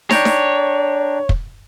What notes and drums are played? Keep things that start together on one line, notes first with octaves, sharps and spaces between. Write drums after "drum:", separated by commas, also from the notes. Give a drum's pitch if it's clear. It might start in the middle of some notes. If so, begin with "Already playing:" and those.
D4 C#5 G5 A#5, drum: snare
drum: snare
drum: kick